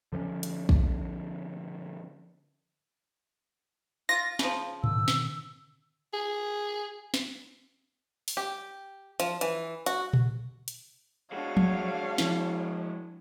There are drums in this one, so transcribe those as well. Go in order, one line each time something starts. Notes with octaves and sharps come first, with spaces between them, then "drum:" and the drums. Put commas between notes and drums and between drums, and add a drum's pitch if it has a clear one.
D3 F3 B3 C#4
drum: hi-hat
drum: kick
F4 A#6
C#3 F3, drum: snare
B2 D3 D#3 E6, drum: tom G#2
drum: snare
G#4
drum: snare
drum: open hi-hat
G4
F3, drum: hi-hat
E3, drum: hi-hat
F#4, drum: hi-hat
drum: tom A#2
drum: hi-hat
G#3 D4 F#4 C#5 F5
drum: tom F3
F3 E4, drum: snare